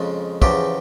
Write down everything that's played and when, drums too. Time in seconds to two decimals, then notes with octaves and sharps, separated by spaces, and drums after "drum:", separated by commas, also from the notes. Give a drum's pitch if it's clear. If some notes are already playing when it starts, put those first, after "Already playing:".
Already playing: F2 C#3 F3 G#3 G#4
0.42 E2 C#3 F3 G4, drum: kick